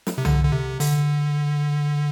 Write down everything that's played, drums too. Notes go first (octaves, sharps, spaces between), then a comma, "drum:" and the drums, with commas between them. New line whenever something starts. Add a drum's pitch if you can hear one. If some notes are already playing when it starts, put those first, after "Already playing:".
drum: snare
C3
D3, drum: tom C2
D3
C3
D3, drum: open hi-hat